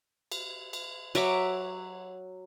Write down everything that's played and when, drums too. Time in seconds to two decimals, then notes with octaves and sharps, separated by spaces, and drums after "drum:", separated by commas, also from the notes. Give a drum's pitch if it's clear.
0.32 drum: cymbal
0.73 drum: cymbal
1.15 F#3 E5 D6, drum: cymbal